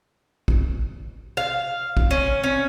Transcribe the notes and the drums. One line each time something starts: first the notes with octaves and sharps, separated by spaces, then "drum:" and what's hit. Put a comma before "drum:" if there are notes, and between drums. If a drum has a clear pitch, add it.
drum: kick
F5
drum: kick
C#4
C#4